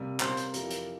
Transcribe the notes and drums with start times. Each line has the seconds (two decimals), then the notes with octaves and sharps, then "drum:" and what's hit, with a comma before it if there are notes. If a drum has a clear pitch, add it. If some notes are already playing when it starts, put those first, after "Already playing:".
Already playing: C3 G3 A#3
0.20 C3 G3 A#3 C5, drum: clap
0.37 drum: hi-hat
0.54 F2 E3 A#3 E4 G4 A#4, drum: hi-hat
0.70 drum: hi-hat